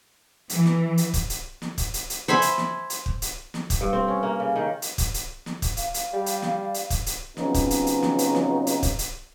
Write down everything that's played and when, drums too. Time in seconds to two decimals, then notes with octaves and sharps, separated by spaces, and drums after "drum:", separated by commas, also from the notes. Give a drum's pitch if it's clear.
0.49 E3, drum: hi-hat
0.65 drum: snare
0.98 drum: hi-hat
1.14 drum: kick, hi-hat
1.30 drum: hi-hat
1.62 drum: snare
1.78 drum: kick, hi-hat
1.94 drum: hi-hat
2.10 drum: hi-hat
2.28 C5 E5 G#5 B5, drum: snare
2.42 drum: hi-hat
2.58 drum: snare
2.90 drum: hi-hat
3.06 drum: kick
3.22 drum: hi-hat
3.54 drum: snare
3.70 drum: kick, hi-hat
3.81 G2
3.93 C4
4.08 C#4
4.23 A#3
4.40 C#3
4.56 D#3
4.82 drum: hi-hat
4.98 drum: kick, hi-hat
5.14 drum: hi-hat
5.46 drum: snare
5.62 drum: kick, hi-hat
5.77 F5, drum: hi-hat
5.94 drum: hi-hat
6.13 G3
6.26 drum: hi-hat
6.42 drum: snare
6.74 drum: hi-hat
6.90 drum: kick, hi-hat
7.06 drum: hi-hat
7.37 C#3 F#3 B3 C4 D#4 F4, drum: snare
7.54 drum: kick, hi-hat
7.70 drum: hi-hat
7.86 drum: hi-hat
8.02 drum: snare
8.19 drum: hi-hat
8.35 drum: snare
8.67 drum: hi-hat
8.83 drum: kick, hi-hat
8.99 drum: hi-hat